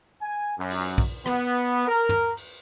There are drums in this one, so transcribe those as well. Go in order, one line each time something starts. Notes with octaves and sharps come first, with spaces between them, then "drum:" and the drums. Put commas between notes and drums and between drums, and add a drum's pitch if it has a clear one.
G#5
F#2
drum: cymbal
drum: kick
B3, drum: rim click
A#4
drum: tom
drum: cymbal